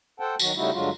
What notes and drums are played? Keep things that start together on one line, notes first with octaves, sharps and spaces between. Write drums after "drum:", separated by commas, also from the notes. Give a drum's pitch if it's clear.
A4 C5 F#5 G5 A5
D#3 F#3 F#4, drum: tambourine
C#3 G3 A3 D#4 E4 F#4
G2 D3 F#3 G#3 F4 F#4